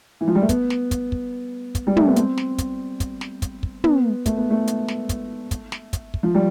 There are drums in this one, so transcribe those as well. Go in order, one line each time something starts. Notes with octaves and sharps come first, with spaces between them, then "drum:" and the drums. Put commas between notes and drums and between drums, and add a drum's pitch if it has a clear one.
E3
F3
G3
A3
B3, drum: kick, hi-hat
drum: snare
drum: kick, hi-hat
drum: kick
drum: kick, hi-hat
G3
A3, drum: tom
B3
C4, drum: hi-hat
drum: snare
drum: kick, hi-hat
drum: kick, hi-hat
drum: snare
drum: kick, hi-hat
drum: kick
B3, drum: tom
A3, drum: kick, hi-hat
B3
A3
drum: hi-hat
drum: snare
drum: kick, hi-hat
drum: kick, hi-hat
drum: snare
drum: kick, hi-hat
drum: kick
F3
G3